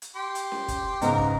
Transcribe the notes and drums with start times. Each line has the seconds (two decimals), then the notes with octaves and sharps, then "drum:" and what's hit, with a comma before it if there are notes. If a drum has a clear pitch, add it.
0.02 drum: hi-hat
0.16 G4 C6
0.35 drum: hi-hat
0.52 drum: snare C#4
0.68 drum: kick, hi-hat
1.02 G#2 C#3 B3 A#4 A#5, drum: hi-hat
1.18 drum: kick